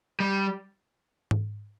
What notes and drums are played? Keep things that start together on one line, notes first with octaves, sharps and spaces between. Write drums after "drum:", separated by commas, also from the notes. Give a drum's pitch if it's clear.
G3
drum: tom G#2